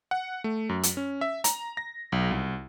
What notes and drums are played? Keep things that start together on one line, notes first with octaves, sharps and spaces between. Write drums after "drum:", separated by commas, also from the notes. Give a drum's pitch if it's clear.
F#5
A3
F#2
drum: hi-hat
C#4
E5
A#5, drum: hi-hat
A#6
B1
C2